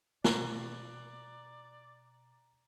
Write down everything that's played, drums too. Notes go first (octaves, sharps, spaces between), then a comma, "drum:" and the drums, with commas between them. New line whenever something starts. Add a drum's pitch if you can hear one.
B2 D5 A#5 F#6, drum: snare